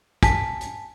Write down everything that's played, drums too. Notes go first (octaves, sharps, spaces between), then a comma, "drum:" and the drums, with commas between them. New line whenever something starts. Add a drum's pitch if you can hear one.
G#5 A5 B6, drum: kick, hi-hat
drum: hi-hat